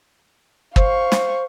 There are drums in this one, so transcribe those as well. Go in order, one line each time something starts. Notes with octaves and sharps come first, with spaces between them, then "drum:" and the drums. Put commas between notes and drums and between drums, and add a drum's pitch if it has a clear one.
C5 F5 C#6, drum: kick
drum: snare